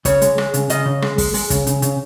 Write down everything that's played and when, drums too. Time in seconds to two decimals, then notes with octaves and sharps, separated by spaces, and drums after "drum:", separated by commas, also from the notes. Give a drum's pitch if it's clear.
0.05 C#3 C#5, drum: kick, hi-hat
0.22 G#3, drum: hi-hat
0.38 G#3, drum: rim click
0.54 C#3, drum: hi-hat
0.70 C#3 D#5, drum: hi-hat
0.86 C#3
1.02 G#3, drum: rim click
1.18 G#3, drum: kick, open hi-hat
1.34 G#3, drum: open hi-hat
1.50 C#3, drum: kick, hi-hat
1.67 C#3, drum: hi-hat
1.82 C#3, drum: hi-hat